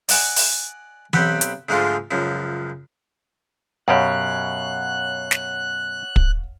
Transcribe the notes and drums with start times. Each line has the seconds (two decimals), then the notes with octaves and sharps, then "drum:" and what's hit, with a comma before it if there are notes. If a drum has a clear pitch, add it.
0.09 D5 D#5 F#5 G#5 D6, drum: open hi-hat
0.36 drum: open hi-hat
1.13 B1 C4 G4 F#5 B5, drum: tom E3
1.41 drum: hi-hat
1.69 D2 G#2 D3 F3 G#3 F4
2.11 C#2 F#2 F3
3.88 F#2 B2 G4 C#5 F5 F#5 F#6
5.31 drum: snare
6.16 drum: kick